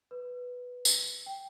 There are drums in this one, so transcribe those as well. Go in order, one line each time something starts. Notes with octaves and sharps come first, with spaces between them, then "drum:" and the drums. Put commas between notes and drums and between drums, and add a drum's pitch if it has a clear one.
B4
drum: tambourine
G5